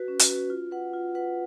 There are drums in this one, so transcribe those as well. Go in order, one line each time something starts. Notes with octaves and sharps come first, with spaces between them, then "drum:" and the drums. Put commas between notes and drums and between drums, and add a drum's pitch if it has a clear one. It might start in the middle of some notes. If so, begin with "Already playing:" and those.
Already playing: F#4 B4
C#4
drum: hi-hat
F#4 B4
F4
B4 F#5
F4
B4 F#5